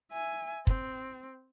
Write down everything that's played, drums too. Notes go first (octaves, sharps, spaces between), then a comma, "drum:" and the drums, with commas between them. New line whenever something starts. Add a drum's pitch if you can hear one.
E5 G#5
C4, drum: kick